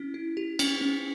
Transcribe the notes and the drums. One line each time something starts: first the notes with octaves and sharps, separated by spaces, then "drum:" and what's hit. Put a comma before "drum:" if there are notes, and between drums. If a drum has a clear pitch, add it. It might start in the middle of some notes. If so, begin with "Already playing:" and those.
Already playing: C#4 E4
E4
G4
C#4, drum: cymbal
C#4